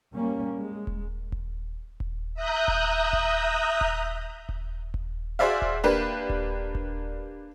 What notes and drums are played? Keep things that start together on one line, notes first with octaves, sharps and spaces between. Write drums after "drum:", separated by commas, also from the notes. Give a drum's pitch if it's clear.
G3 A#3 C#4
G#3
drum: kick D#1
drum: kick D#1
drum: kick D#1
E5 A#5 D#6 F#6 G6
drum: kick D#1
drum: kick D#1
drum: kick D#1
drum: kick D#1
drum: kick D#1
F#4 G#4 C5 D5 E5 F5
drum: kick D#1
A#3 D4 G4 B4
drum: kick D#1
drum: kick D#1